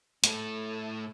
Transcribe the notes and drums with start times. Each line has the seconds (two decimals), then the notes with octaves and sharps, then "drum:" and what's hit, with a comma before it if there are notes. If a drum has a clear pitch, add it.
0.24 A2 A4, drum: hi-hat